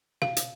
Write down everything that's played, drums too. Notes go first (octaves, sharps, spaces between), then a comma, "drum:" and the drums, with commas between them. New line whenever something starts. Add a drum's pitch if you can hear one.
F5, drum: tom
drum: hi-hat